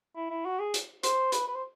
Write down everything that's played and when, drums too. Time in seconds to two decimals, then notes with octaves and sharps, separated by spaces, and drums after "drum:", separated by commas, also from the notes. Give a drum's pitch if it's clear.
0.16 E4
0.30 E4
0.45 F#4
0.59 G#4
0.74 drum: hi-hat
1.03 C5, drum: hi-hat
1.32 B4, drum: hi-hat
1.48 B4
1.55 C5